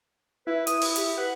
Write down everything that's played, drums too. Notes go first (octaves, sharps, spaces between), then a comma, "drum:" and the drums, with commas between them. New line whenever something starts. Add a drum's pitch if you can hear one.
E4 B4
D#6, drum: hi-hat
drum: open hi-hat
G4, drum: hi-hat
B4 F#5